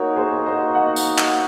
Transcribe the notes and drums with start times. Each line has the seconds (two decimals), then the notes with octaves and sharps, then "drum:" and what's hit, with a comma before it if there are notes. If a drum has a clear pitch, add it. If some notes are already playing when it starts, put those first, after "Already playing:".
Already playing: A#3 D#4 F#4 A#4 C#5
0.16 G#4 C5
0.46 C5 D#5
0.75 D#5 F#5
0.96 drum: tambourine
1.18 drum: clap